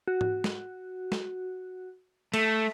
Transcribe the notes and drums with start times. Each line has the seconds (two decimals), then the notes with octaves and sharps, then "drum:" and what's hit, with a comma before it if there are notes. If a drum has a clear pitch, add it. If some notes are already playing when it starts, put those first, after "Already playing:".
0.08 F#4
0.21 drum: tom G#2
0.44 drum: snare
1.12 drum: snare
2.34 A3, drum: cymbal